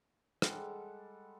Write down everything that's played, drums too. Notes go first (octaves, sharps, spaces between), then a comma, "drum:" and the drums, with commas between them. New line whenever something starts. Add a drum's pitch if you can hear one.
G3 G#3 A4 F#5, drum: rim click